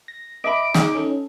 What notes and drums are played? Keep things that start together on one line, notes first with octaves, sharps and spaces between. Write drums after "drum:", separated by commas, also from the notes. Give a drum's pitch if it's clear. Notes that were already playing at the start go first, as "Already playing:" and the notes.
A#6
D#5 E5 B5 D6
D#4 G#4, drum: snare
C#4 A4